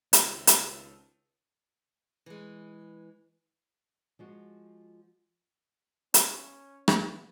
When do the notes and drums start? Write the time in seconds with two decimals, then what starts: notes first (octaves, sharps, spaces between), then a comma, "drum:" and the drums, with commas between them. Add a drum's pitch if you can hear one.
0.13 C#2 D#3 C4 F4 A4, drum: hi-hat
0.47 drum: hi-hat
2.26 E3 G#3
4.19 F3 G#3 F#4
6.14 C#4, drum: hi-hat
6.88 B3, drum: rim click